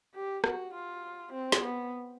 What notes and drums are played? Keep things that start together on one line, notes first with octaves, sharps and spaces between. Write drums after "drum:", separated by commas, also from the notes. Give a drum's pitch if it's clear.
G4
F#4, drum: rim click
F4
C4
drum: snare
B3